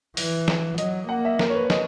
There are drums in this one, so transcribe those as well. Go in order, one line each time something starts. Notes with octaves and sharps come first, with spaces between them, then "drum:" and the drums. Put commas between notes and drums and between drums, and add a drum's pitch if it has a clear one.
E3, drum: open hi-hat
drum: snare
F#3 D#5, drum: hi-hat
A#3 F#5
E5
A#4, drum: snare
C#5
B4
C#5
D#5, drum: snare